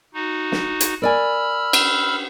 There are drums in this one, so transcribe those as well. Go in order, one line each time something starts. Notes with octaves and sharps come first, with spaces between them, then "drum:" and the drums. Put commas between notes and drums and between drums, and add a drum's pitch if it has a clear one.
D#4 F#4
drum: snare
drum: hi-hat
A#4 D5 G#5 B5 E6 F6
drum: cymbal